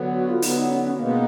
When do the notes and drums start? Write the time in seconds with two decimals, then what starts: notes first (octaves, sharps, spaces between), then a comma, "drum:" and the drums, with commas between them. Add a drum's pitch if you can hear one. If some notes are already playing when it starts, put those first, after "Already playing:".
Already playing: D3 F#3 B3
0.14 F#4
0.29 F4
0.42 D3 F#3 B3 D#4, drum: open hi-hat
0.57 D#4
0.70 C#4
0.85 C#4
0.98 B2 G#3 A#3 B3 D#4